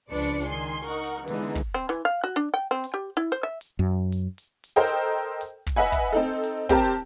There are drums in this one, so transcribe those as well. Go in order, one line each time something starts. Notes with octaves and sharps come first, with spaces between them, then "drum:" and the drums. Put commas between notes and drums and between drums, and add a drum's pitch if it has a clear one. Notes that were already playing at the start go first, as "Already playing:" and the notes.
C#2 F3 D4 B4 D5 C#7
D#3 G#5 C6
D#4 A#4 F#5 C#6
drum: hi-hat
D3 E3 G#3 B3 D#4, drum: hi-hat
drum: kick, hi-hat
C4
E3
F5
F#4
D4
G5
C4
drum: hi-hat
G4
E4
C5
E5
drum: hi-hat
F#2
drum: hi-hat
drum: hi-hat
drum: hi-hat
A4 A#4 C5 D#5 G5 A#5
drum: hi-hat
drum: hi-hat
drum: kick, hi-hat
B4 D#5 E5 F#5 G#5
drum: kick, hi-hat
C4 D#4 A4
drum: hi-hat
C4 G4 A#4 A5, drum: kick, hi-hat